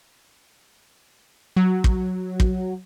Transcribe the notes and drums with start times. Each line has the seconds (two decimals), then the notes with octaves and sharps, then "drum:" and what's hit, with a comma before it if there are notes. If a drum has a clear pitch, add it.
1.56 F#3
1.84 drum: kick
2.40 drum: kick